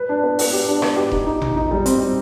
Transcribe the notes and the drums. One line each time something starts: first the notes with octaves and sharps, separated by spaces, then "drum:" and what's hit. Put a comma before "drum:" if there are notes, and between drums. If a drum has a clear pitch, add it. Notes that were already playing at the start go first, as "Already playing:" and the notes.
Already playing: B4
D4
B3
B3, drum: open hi-hat
G4
D4
B3, drum: rim click
G4
D#4, drum: kick E1
D#4
D#4, drum: tom A1
D#4
G3
C4, drum: hi-hat
C4